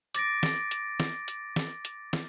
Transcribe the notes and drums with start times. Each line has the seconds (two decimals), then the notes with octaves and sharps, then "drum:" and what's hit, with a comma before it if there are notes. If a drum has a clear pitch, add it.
0.15 D6 A6 A#6 D7, drum: hi-hat
0.43 drum: snare
0.71 drum: hi-hat
1.00 drum: snare
1.28 drum: hi-hat
1.56 drum: snare
1.85 drum: hi-hat
2.13 drum: snare